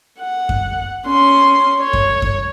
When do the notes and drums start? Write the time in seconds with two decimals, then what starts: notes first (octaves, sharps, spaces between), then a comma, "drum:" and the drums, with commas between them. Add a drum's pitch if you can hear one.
0.20 F#5
0.49 drum: kick F#2
1.07 C#4 C6
1.79 C#5
1.93 drum: kick F#2
2.22 drum: kick F#2